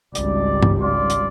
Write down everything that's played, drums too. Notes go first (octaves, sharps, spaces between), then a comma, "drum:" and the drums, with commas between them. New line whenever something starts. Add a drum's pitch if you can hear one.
G#1 C#2 G3 D5, drum: hi-hat
drum: tom G2
F4 D5 C6
drum: hi-hat